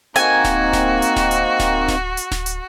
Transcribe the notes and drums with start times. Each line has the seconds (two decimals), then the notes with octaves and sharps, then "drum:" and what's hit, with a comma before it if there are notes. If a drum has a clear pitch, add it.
0.16 A#3 C4 D#4 F#4 G#5, drum: hi-hat
0.44 drum: snare D1
0.73 drum: snare D1
1.02 drum: hi-hat
1.16 drum: snare D1
1.31 drum: hi-hat
1.60 drum: snare D1
1.88 drum: snare D1
2.17 drum: hi-hat
2.32 drum: snare D1
2.46 drum: hi-hat